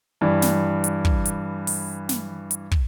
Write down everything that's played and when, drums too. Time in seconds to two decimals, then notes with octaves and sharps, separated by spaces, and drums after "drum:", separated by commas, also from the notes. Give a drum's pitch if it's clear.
0.21 G2 E3
0.42 drum: snare
0.84 drum: hi-hat
1.05 drum: kick
1.25 drum: hi-hat
1.67 drum: open hi-hat
2.09 drum: snare
2.51 drum: hi-hat
2.71 drum: kick